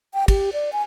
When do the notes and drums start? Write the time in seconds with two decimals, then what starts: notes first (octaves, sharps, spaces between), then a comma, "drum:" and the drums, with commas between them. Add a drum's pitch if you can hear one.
0.14 G5
0.28 G4, drum: kick, cymbal
0.53 D5
0.73 G#5